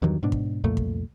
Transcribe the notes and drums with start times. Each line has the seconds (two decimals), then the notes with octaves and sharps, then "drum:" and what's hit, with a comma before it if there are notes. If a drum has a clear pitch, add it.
0.02 E2 G2 D#3 F#3
0.23 G#2 B2 D4
0.32 drum: kick
0.64 C2 F2 A#2 A3
0.77 drum: kick